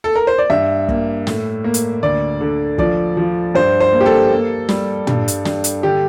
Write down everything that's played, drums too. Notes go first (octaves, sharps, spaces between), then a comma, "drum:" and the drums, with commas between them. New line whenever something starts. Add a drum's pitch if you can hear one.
A4
A#4
C5
D5
G2 E5
A#3, drum: kick
A2, drum: snare
A#3
drum: hi-hat
D2 D5
D3
F3 D5, drum: kick
F3
G2 C5
C5
A#3
G4
A4
A#3
G3, drum: snare
G2, drum: tom
drum: hi-hat
G2, drum: snare
drum: hi-hat
D3 G4